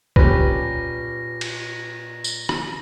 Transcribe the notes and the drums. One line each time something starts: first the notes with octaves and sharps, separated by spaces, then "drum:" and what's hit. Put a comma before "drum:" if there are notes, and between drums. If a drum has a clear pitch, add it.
A#2 C#4 G4 B4 A#6, drum: kick
drum: cymbal
drum: tambourine
drum: rim click